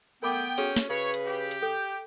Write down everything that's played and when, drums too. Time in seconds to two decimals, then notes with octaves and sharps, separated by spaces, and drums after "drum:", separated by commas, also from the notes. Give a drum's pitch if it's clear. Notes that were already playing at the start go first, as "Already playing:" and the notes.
0.23 A3 B3 A#4 G5 B5 D6
0.58 C#4 F#4 G#4 A4, drum: hi-hat
0.76 drum: snare
0.90 C#3 B4 C#5
1.14 drum: hi-hat
1.26 G4
1.51 drum: hi-hat
1.63 A4 G5